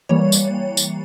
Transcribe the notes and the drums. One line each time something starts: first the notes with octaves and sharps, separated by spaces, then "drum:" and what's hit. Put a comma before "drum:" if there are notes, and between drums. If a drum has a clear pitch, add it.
E3 G3 A#3 C#5
drum: tambourine
drum: tambourine